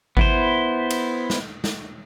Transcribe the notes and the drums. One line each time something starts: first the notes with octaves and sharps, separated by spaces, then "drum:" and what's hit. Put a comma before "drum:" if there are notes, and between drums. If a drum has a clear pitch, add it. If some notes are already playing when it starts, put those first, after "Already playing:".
B3 E4 C5, drum: kick G#1
drum: cymbal
drum: snare
drum: snare